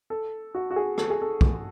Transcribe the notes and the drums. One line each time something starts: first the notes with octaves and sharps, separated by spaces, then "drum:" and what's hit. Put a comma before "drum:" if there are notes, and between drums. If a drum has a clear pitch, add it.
A4
F#4
F#4
G#4
A4, drum: rim click
G#4
A4
drum: kick